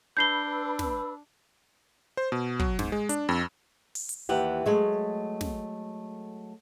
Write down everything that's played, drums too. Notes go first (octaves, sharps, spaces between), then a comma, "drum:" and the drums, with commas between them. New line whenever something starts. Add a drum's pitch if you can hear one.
D4 B4 B5 E6 G6 C7 G7
drum: snare
C5
B2
F#3, drum: kick
G#2, drum: snare
G#3
D4, drum: hi-hat
F2
drum: open hi-hat
drum: hi-hat
D#2 E3 G4 F#5
F#3 G#3 A3
drum: snare